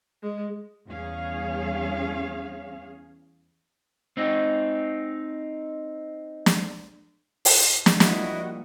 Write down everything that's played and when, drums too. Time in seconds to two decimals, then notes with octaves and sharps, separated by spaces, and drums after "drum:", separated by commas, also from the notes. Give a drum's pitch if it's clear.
0.23 G#3
0.88 E2 G3 C#4 G#4 C#5 F5
4.17 C4 D#4
6.46 drum: snare
7.45 drum: open hi-hat
7.86 drum: snare
8.00 F3 G3 A#3 E4 F#4 D#5, drum: snare